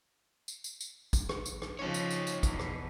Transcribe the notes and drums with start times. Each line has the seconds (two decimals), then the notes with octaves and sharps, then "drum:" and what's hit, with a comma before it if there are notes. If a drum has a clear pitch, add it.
0.48 drum: tambourine
0.64 drum: tambourine
0.80 drum: tambourine
1.13 drum: kick, tambourine
1.29 drum: rim click
1.46 drum: tambourine
1.62 drum: rim click
1.79 C#3 F3 D#4 C#5
1.94 drum: tambourine
2.11 drum: tambourine
2.27 drum: tambourine
2.43 E2 B2, drum: kick, tambourine
2.59 drum: rim click